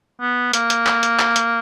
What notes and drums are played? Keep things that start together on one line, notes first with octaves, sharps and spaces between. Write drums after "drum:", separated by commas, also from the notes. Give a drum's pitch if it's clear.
B3
A#3, drum: hi-hat
drum: hi-hat
drum: clap
drum: hi-hat
drum: clap
drum: hi-hat